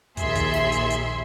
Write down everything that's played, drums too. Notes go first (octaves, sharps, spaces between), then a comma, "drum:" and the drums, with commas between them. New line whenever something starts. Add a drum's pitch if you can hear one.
A#1 D#2 G#4 E5 C6, drum: kick, hi-hat
drum: kick, hi-hat
drum: snare
drum: hi-hat
drum: hi-hat